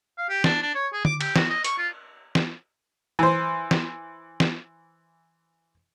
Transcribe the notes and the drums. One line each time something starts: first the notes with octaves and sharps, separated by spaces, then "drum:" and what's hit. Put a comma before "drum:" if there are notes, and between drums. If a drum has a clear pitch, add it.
F5
G4
D4, drum: snare
D4
C#5
G#4
D6, drum: tom
G4, drum: cymbal
F#4, drum: snare
D#5
C#6, drum: hi-hat
F4
drum: snare
E3 C5
drum: snare
drum: snare